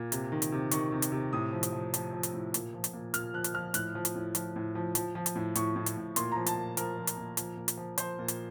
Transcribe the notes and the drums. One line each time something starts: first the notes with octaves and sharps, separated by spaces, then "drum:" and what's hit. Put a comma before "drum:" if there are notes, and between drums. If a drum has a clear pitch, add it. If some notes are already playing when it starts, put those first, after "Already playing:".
Already playing: A#2
C3, drum: hi-hat
D#3
drum: hi-hat
C3
D#3 C#6, drum: hi-hat
C3
drum: hi-hat
C3
A2 D#6
F3
drum: hi-hat
F3
F3, drum: hi-hat
F3
drum: hi-hat
A2
A#2, drum: hi-hat
F3
drum: hi-hat
A#2
A#2 F6, drum: hi-hat
F3 F#6
drum: hi-hat
F3 F6
A2 F#6, drum: hi-hat
F3
drum: hi-hat
A2
F3, drum: hi-hat
A2
F3
F3, drum: hi-hat
F3
drum: hi-hat
A2
A2 C#6, drum: hi-hat
A2
drum: hi-hat
A2
A#2 C6, drum: hi-hat
F3 A#5
A5, drum: hi-hat
A#2
F3 A#4, drum: hi-hat
F3
drum: hi-hat
A#2
F3, drum: hi-hat
A#2
drum: hi-hat
F3
F3 C5, drum: hi-hat
A#2
drum: hi-hat